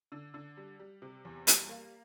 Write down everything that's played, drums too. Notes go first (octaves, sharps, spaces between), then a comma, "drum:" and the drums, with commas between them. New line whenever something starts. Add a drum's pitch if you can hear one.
D3
D3
G3
G3
C3
E2
G3, drum: hi-hat
A#3